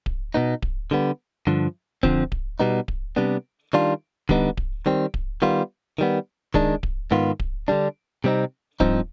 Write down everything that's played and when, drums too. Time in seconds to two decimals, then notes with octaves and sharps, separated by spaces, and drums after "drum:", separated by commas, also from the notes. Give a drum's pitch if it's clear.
0.06 drum: kick D1
0.34 B2 B3 D#4
0.62 drum: kick D1
0.91 D3 G3 B3
1.47 G2 D3 F3
2.03 F2 D3 F3 C4, drum: kick D1
2.32 drum: kick D1
2.60 B2 G3 B3 D#4
2.88 drum: kick D1
3.16 C3 G3 B3 D4
3.73 D#3 G3 D4 F4
4.29 D3 G3 B3 D#4, drum: kick D1
4.57 drum: kick D1
4.86 D#3 G3 C4
5.14 drum: kick D1
5.42 D#3 G3 B3 F4
5.98 D#3 G3 B3
6.54 D#3 G#3 D4, drum: kick D1
6.83 drum: kick D1
7.11 G#2 D#3 B3 F4
7.40 drum: kick D1
7.68 D3 G3 D4
8.24 C3 G3 C4 D#4
8.80 G2 F3 C4 D#4, drum: kick D1